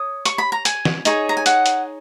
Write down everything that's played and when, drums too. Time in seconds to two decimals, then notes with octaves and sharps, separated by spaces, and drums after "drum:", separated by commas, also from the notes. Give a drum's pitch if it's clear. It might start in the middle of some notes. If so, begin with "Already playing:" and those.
Already playing: C#5 D#6
0.25 C#6, drum: hi-hat
0.38 B5
0.52 A#5
0.65 G#5, drum: hi-hat
0.85 drum: snare
1.05 D#4 G#4 C#5, drum: hi-hat
1.29 A#5
1.37 G#5
1.46 F#5, drum: hi-hat
1.66 drum: hi-hat